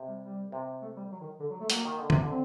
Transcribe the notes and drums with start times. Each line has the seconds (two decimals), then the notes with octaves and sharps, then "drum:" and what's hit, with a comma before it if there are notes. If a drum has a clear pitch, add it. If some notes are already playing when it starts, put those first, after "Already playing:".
Already playing: C3
0.08 G3
0.22 G3
0.52 C3
0.82 A3
0.97 G3
1.12 F#3
1.20 D#3
1.40 D3
1.50 F#3
1.61 A3
1.70 F#3 A#3, drum: hi-hat
1.85 D#3
1.99 D3
2.10 C3, drum: tom
2.22 D3
2.29 C4